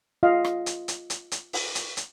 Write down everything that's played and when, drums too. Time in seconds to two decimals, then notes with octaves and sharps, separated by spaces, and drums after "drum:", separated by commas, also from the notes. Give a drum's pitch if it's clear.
0.23 F4 D#5 F5
0.44 drum: rim click
0.66 drum: hi-hat
0.88 drum: hi-hat
1.10 drum: hi-hat
1.32 drum: hi-hat
1.53 drum: open hi-hat
1.75 drum: hi-hat
1.97 drum: hi-hat